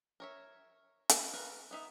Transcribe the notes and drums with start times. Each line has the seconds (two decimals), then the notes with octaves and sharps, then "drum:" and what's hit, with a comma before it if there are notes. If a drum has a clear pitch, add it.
0.20 A#4 C#5 E5
1.09 drum: hi-hat
1.33 A#4 B4
1.71 B3 D#4 E5